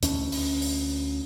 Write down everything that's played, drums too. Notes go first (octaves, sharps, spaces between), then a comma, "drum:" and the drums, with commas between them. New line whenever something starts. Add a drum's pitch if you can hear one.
D2 C#4, drum: hi-hat
drum: open hi-hat
drum: open hi-hat